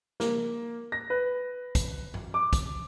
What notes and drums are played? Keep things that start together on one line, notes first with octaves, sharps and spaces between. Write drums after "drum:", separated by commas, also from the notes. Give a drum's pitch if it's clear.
A#3, drum: snare
A#6
B4
drum: kick, hi-hat
drum: tom G2
D6
drum: kick, hi-hat